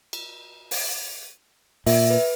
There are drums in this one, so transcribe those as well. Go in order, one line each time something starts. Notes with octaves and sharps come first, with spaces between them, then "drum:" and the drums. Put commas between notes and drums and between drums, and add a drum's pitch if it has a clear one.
drum: cymbal
drum: open hi-hat
A#2 E5, drum: open hi-hat
B4